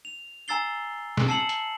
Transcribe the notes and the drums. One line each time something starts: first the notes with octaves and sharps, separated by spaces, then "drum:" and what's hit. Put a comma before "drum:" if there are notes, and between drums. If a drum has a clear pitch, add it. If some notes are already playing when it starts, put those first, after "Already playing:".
F7
G#5 A#5 E6 A6 C7 G7
drum: snare
A5 E6 C7 C#7 E7 F#7
drum: hi-hat